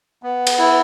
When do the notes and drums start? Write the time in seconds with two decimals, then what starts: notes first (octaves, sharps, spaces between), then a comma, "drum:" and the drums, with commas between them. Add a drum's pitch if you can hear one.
0.23 B3
0.47 drum: cymbal
0.58 E4